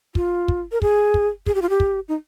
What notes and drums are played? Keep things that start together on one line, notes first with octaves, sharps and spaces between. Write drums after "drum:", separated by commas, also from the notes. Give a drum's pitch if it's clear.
F4, drum: kick
drum: kick
A#4
G#4, drum: kick
drum: kick
G#4, drum: kick
G4
F4
G4
drum: kick
D#4